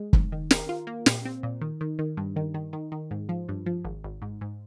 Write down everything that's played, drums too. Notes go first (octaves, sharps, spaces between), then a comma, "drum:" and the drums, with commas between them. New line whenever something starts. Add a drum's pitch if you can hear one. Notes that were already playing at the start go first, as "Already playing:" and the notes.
Already playing: G#3
G#2, drum: kick
D#3
A#4, drum: snare
F4
A#3
A#2, drum: snare
C4
A#2
D#3
D#3
D#3
G2
D#3
D#3
D#3
D#3
G#2
F3
G2
F3
G#1
G#1
G#2
G#2